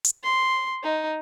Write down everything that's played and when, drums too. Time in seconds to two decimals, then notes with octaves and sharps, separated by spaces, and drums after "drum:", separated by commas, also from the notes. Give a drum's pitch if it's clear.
0.04 drum: hi-hat
0.24 C6
0.83 D#4